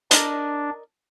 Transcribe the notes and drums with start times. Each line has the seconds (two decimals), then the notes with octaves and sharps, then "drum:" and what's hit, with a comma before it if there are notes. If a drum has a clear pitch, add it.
0.11 D4 A#4 D5 D#5, drum: hi-hat